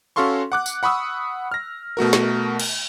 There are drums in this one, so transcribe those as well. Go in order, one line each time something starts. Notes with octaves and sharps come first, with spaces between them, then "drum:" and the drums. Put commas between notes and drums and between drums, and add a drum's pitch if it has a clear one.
C#4 F#4 A4 F5 C6 C#6
F#5 D6 F#6
drum: tambourine
F#5 B5 C#6 D#6 E6
F6 A#6
B2 A3 F#4 A#4
drum: snare
drum: cymbal